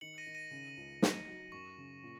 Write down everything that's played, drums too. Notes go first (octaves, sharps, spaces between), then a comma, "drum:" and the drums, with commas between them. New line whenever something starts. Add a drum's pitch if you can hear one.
D#3 C#7 F#7
A#6 D#7
D#3
A#6 D#7
C#3
C#2
D#4, drum: snare
F#3
F#2 C#6
C#3
A#2